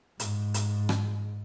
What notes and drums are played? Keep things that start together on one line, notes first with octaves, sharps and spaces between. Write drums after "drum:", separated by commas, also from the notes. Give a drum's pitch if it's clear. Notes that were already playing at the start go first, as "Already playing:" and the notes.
G#2, drum: hi-hat
drum: hi-hat
drum: rim click